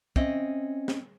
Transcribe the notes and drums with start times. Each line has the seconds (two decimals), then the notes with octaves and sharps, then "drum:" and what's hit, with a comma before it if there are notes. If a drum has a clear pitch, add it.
0.16 C4 C#4 D#5 E5, drum: kick
0.88 drum: snare